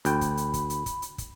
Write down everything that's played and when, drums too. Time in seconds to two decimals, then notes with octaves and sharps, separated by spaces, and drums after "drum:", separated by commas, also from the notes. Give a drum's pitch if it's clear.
0.05 D2 G5 B5, drum: hi-hat
0.21 drum: kick, hi-hat
0.37 drum: hi-hat
0.54 drum: kick, hi-hat
0.70 drum: hi-hat
0.86 drum: kick, hi-hat
1.02 drum: hi-hat
1.18 drum: kick, hi-hat